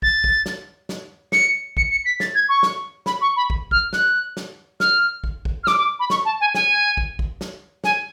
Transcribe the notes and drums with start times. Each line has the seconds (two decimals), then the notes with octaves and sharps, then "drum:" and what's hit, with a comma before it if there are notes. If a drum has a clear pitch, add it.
0.02 A6, drum: kick
0.24 drum: kick
0.46 drum: snare
0.89 drum: snare
1.32 C#7, drum: snare
1.77 C#7, drum: kick
1.91 C#7
2.05 B6
2.20 A6, drum: snare
2.34 G#6
2.48 C#6
2.63 drum: snare
3.06 B5, drum: snare
3.21 C#6
3.36 B5
3.50 drum: kick
3.71 F6, drum: kick
3.93 F#6, drum: snare
4.37 drum: snare
4.80 F6, drum: snare
5.24 drum: kick
5.45 drum: kick
5.63 F6
5.67 D6, drum: snare
5.78 D6
5.99 B5
6.10 C#6, drum: snare
6.25 A5
6.40 G#5
6.55 G#5, drum: snare
6.97 drum: kick
7.19 drum: kick
7.41 drum: snare
7.84 G#5, drum: snare